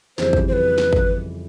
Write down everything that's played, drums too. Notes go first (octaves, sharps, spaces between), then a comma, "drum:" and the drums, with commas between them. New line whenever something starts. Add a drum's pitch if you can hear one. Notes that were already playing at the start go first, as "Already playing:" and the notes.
F2 C#3 E3 G3 C5, drum: snare
drum: kick
C5
B4
drum: snare
drum: kick